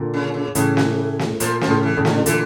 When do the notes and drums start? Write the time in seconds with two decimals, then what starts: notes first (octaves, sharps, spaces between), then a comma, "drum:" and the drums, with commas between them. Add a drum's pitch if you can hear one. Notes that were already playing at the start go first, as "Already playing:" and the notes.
Already playing: A#2 D3
0.14 C#3
0.34 C#3
0.55 A2 C#3 E3, drum: hi-hat
0.77 drum: snare
1.19 drum: snare
1.40 A#2 F3, drum: hi-hat
1.61 F3, drum: snare
1.68 A2 C#3
1.83 E3
1.97 A2 C#3
2.05 D3, drum: snare
2.26 A#2 D3 E3, drum: hi-hat